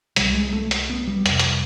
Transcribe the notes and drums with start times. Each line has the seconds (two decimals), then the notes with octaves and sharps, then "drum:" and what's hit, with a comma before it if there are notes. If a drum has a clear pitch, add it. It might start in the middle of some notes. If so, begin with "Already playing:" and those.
0.16 C2 B2 G3, drum: hi-hat
0.34 G#3
0.53 A3
0.71 drum: hi-hat
0.90 B3
1.07 G3
1.26 F2 C3, drum: hi-hat
1.39 drum: hi-hat